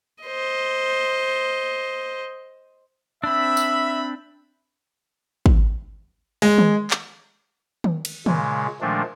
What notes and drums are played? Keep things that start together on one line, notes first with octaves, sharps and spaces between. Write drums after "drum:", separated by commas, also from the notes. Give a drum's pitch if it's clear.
C5 D#5
C4 D4 E5 B5 E6
drum: tambourine
drum: kick
G#3, drum: open hi-hat
drum: tom D#3
drum: clap
drum: tom D#3
drum: cymbal
A#2 C#3 G#3, drum: tom D#3
A#2 D#3 F3 G#3 A3 D4